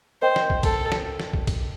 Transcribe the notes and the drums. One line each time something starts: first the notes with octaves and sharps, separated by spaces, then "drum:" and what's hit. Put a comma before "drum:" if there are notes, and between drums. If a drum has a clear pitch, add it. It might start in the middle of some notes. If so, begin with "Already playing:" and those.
A#4 C5 D#5 G5
drum: snare
drum: kick
A4, drum: kick, cymbal
drum: snare
drum: snare
drum: kick
drum: kick, cymbal